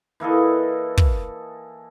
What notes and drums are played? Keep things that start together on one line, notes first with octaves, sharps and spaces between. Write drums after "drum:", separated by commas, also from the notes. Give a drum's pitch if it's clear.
E3 A#3 A4 D#5
drum: kick